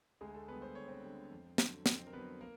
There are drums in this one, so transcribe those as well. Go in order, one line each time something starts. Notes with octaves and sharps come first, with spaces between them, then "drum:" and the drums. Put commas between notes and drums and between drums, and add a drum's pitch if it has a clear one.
D2 G#3 G#4
A3 A4
D3 G3 B3 B4
C5
D2 C#5
C4 C5
D3 G3
F2
D3 F#3, drum: snare
F2 C4 C5, drum: snare
A#4
D3 F#3 B3 B4
A#3 A#4